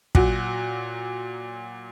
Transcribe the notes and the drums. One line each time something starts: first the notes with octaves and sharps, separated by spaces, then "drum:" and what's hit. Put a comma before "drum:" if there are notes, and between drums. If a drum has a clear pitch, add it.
A#2 F#3 F#4, drum: kick